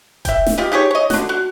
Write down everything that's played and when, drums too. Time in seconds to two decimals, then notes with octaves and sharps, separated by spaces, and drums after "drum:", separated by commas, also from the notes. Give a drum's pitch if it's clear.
0.25 E5 G5, drum: kick E1, hi-hat
0.47 drum: snare
0.58 F4 G4 D#5
0.72 D#4 G4 G#4 C#5
0.91 C#5 D#5
1.10 D3 F#4, drum: snare
1.29 F#4